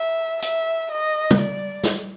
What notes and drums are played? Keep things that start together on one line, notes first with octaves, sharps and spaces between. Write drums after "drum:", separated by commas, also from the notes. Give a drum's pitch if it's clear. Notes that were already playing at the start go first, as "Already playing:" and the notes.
Already playing: E5
E5, drum: hi-hat
D#5
drum: tom
D5
drum: snare